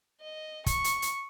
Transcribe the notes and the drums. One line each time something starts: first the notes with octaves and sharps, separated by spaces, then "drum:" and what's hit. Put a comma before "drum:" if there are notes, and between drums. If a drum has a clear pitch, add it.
D#5
C#6, drum: kick, hi-hat
drum: hi-hat
drum: hi-hat